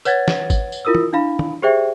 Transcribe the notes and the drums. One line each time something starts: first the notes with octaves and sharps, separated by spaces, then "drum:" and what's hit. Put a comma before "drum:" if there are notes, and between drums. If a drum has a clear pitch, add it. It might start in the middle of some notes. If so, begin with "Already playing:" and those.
B4 C#5 F#5 G#6 A6, drum: tambourine
drum: snare
drum: kick G#1, tambourine
drum: tambourine
E4 F4 A#4 D#6 E6
drum: tom
D4 E4 F5 B5
drum: tom
G4 G#4 C5 D5 E5 G5